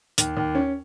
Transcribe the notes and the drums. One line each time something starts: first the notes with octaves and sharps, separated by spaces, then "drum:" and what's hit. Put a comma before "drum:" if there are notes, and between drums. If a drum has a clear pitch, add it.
D#2, drum: hi-hat
D#2
C#4